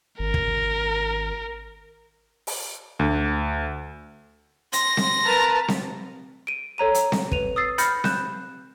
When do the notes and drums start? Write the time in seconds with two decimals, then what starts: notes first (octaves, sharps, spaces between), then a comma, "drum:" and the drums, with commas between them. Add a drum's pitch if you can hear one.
0.19 G#1 A#4
0.34 drum: kick
2.47 drum: open hi-hat
2.99 D2
4.73 C6 A#6, drum: hi-hat
4.97 drum: snare C4
5.25 A#4 B4 A5
5.68 drum: snare C4
6.47 D7 D#7
6.78 A4 C#5 A#5 D#7
6.95 drum: hi-hat
7.12 drum: snare C4
7.31 B4 D#7 F7, drum: kick
7.56 D#6 E6 A6 C7
7.78 B5 F6 G6 A6 A#6 C#7, drum: hi-hat
8.04 F#6 G6 E7, drum: snare C4